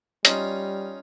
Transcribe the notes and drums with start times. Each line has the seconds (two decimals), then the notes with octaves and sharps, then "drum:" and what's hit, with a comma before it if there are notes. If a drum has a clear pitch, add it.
0.25 G3 C#4 D#4 F4, drum: hi-hat